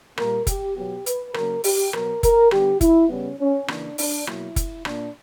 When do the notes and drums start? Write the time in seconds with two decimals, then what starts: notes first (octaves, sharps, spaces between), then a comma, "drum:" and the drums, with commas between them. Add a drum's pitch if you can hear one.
0.17 A#2 G3 A#3 A#4, drum: rim click
0.47 G4, drum: kick F#1, hi-hat
0.76 B2 F#3 B3 G4
1.06 B4, drum: hi-hat
1.34 C#3 F#3 A#3 A#4, drum: rim click
1.64 G4, drum: open hi-hat
1.93 B2 F#3 B3 A#4, drum: rim click
2.23 A#4, drum: kick F#1, hi-hat
2.51 D3 G3 B3 G4, drum: rim click
2.81 E4, drum: kick F#1, hi-hat
3.10 C#3 G3 B3 C#4
3.39 C#4
3.68 C#3 E3 A#3 D4, drum: rim click
3.98 D4, drum: open hi-hat
4.27 B2 F#3 A#3 E4, drum: rim click
4.56 drum: kick F#1, hi-hat
4.85 A#2 A#3 D4, drum: rim click